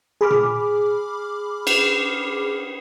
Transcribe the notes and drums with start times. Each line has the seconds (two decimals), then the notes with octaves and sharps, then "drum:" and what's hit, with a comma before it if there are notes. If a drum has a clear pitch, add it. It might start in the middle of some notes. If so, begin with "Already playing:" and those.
0.21 G#4 B5 D6 F6
0.30 drum: tom A#2
1.67 drum: cymbal